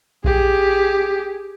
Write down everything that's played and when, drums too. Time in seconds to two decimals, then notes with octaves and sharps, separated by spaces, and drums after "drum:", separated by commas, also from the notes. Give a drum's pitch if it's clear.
0.24 G4 G#4, drum: kick A#1